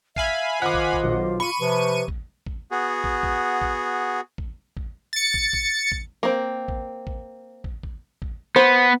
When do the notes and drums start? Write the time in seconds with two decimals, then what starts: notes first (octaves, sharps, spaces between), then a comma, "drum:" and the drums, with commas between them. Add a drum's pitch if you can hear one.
0.16 E5 F5 G#5 B5, drum: kick
0.62 D#3 F4 C5 D#5 F#5 D6
0.74 drum: kick
0.93 drum: kick
1.03 B1
1.40 B5 C#6 D#7
1.60 C3 F3 B4
2.08 drum: kick
2.46 drum: kick
2.71 B3 F#4 G#4
3.04 drum: kick
3.23 drum: kick
3.62 drum: kick
4.38 drum: kick
4.77 drum: kick
5.13 A6 C#7
5.34 drum: kick
5.53 drum: kick
5.92 drum: kick
6.23 A#3 C4
6.68 drum: kick
7.07 drum: kick
7.64 drum: kick
7.83 drum: kick
8.22 drum: kick
8.56 B3 C5